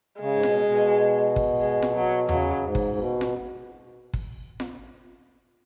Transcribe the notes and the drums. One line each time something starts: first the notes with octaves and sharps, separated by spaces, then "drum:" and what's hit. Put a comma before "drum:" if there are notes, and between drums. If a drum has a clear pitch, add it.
C#3 G#3
G#2
B2, drum: snare F4
B2
drum: kick
G#3
drum: snare F4
F#3
C#3 F#3, drum: tom E2
G#2
drum: kick
B2
drum: snare F4
drum: kick
drum: snare F4